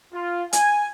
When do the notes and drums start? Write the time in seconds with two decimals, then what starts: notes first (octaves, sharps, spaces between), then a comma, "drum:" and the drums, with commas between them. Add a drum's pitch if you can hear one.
0.13 F4
0.53 G#5, drum: hi-hat